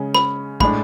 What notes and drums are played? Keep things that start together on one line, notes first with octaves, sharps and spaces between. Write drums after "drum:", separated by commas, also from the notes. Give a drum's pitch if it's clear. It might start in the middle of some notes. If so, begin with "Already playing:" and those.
Already playing: C#3 G#3 C#4
B5, drum: rim click
A2 G#3 D4 B5, drum: kick